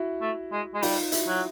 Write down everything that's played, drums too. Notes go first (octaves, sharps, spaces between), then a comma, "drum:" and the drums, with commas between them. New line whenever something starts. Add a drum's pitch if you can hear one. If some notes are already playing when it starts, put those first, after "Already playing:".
Already playing: E4 F#4
A3
G#3
G#3
G3 D#4 F4, drum: open hi-hat
E4 F#4, drum: hi-hat
F#3